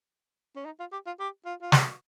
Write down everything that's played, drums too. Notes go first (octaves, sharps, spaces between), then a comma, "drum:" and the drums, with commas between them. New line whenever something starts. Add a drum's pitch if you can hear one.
C#4
D#4
F4
G4
F4
G4
F4
F4
G4, drum: snare